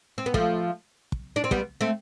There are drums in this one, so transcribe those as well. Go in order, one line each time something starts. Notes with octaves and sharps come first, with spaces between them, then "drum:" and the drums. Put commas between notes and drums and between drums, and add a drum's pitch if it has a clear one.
C4
B3
F3 A3, drum: kick
drum: kick
D4
C4
G3 B3, drum: kick
A3 C4